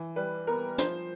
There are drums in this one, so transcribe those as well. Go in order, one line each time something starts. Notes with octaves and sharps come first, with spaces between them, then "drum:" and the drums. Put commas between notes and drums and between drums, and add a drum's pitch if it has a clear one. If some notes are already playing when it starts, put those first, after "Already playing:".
Already playing: E3
G3 B4
B3 A#4
F3 C5, drum: hi-hat